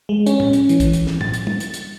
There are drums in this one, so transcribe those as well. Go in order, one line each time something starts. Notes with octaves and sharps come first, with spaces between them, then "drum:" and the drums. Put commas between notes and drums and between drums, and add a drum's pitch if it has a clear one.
G#3
C#4, drum: hi-hat
drum: tom
drum: hi-hat
E3, drum: hi-hat
drum: kick, hi-hat
drum: hi-hat
drum: snare
A6, drum: tom
drum: hi-hat
drum: tom
drum: hi-hat
drum: hi-hat